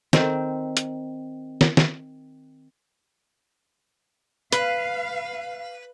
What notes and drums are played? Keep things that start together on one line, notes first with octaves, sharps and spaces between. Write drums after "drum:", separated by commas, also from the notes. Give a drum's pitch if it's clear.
D#3 C4, drum: snare
drum: hi-hat
drum: snare
drum: snare
B4 F5, drum: hi-hat